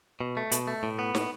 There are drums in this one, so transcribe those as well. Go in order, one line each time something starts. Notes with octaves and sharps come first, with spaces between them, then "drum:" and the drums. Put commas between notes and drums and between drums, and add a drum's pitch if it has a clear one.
B2
A3
B2, drum: hi-hat
A3
A2
B3
A2, drum: snare